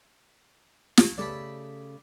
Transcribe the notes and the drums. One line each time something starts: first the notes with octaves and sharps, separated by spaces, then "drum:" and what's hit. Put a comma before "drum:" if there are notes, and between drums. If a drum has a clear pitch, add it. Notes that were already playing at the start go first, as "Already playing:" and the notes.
drum: snare
C#3 A3 G4 D5 A5 B5